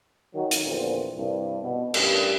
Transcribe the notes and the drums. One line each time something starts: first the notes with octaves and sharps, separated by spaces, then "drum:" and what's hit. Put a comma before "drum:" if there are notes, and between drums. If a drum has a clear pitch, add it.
D#3 F#3
drum: hi-hat
A#1 E2 A#2 D3 A#3 C4
C2 G2
B2
A1 G2 G4, drum: cymbal